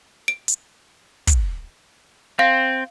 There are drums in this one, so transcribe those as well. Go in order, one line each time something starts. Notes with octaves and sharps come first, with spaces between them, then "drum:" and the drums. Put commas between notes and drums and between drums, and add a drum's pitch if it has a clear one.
D7
drum: hi-hat
drum: kick, hi-hat
C4 F5